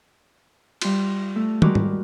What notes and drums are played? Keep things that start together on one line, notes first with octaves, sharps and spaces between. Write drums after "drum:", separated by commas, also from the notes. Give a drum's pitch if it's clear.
G3 F4, drum: cymbal
A3
G3 G#3 F#4 A#4 D6, drum: tom
drum: tom